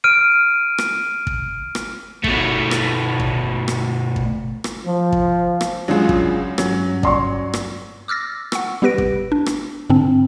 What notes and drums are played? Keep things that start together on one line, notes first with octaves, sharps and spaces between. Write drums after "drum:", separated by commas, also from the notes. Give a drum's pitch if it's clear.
F6 D7 D#7
drum: rim click
drum: kick
drum: rim click
B2 A3, drum: kick
drum: rim click
drum: kick
drum: rim click
drum: kick
drum: rim click
F3
drum: kick
drum: rim click
C#2 C#3 F#3 G#3 D4 F4 G#4
drum: kick
G2 F#3 C#4, drum: rim click
D5 C6 C#6, drum: kick
drum: rim click
D6 E6 F6 A6 A#6
F#5 C#6 E6, drum: rim click
G3 B3 G4 B4 A#6 D7
drum: kick
D4
drum: rim click
G#2 D3 C4 D4